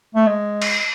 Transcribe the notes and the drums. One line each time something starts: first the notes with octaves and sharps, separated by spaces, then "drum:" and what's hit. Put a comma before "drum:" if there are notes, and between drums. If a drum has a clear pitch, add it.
A3
G#3
drum: cymbal